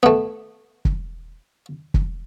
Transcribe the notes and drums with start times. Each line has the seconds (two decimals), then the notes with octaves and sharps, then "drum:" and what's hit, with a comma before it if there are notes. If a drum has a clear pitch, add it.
0.03 A3 B3
0.85 drum: kick
1.94 drum: kick